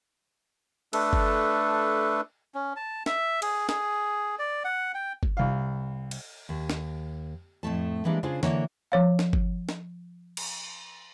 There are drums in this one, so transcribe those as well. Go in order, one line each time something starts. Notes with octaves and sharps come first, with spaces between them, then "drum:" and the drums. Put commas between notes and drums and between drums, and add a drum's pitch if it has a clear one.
A3 D4 A4 B4, drum: cymbal
drum: kick G1
C#4
A5
E5, drum: snare
G#4, drum: cymbal
G#4, drum: snare
D5
F#5
G5
drum: kick G1
C2 F5
drum: cymbal
D#2
drum: snare
F2 A2 A3 A5
E3 G3 G#3 A#3 D4
C#3 D4 F4 G#4 C5
D3 E3 A#3 D4 C#5, drum: snare
F3 C#5 F5
drum: snare
drum: kick G1
drum: snare
drum: cymbal